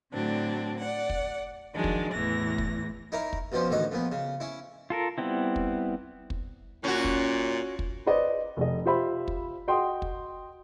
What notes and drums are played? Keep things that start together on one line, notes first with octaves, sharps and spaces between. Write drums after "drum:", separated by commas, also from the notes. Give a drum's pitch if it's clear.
A2 D3 F#3 C4 D4
D5 F#5
drum: kick
D#3 F3 F#3 G#3 D4
drum: kick
E2 A2 E3 A#6
drum: kick
D#4 E4 A#4 C#5 A#5
drum: kick
B1 B2 F3 C#4 C5
A1 D2 D#3 F#4 D#5
F2 A#2 B3
C#3
C#4 E4
F4 A4 A#4
G3 B3 C4 E4
drum: kick
drum: kick
A#2 C#4 F#4
drum: kick
drum: kick
B4 C5 D5 D#5
F1 D#5
F4 G4 C5 E5 B5
drum: kick
F#4 D#5 G5 C6 D#6
drum: kick